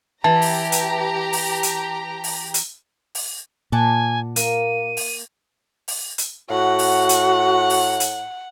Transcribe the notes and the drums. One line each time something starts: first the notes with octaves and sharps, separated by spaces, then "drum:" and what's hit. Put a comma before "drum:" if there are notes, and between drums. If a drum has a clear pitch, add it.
E3 G4 A5 A#5
drum: open hi-hat
drum: hi-hat
drum: open hi-hat
drum: hi-hat
drum: open hi-hat
drum: hi-hat
drum: open hi-hat
A#2 F#5 G#5 A5 D6
A#3 D#7, drum: hi-hat
drum: open hi-hat
drum: open hi-hat
drum: hi-hat
A2 F#4 F#5
drum: open hi-hat
drum: hi-hat
drum: open hi-hat
drum: hi-hat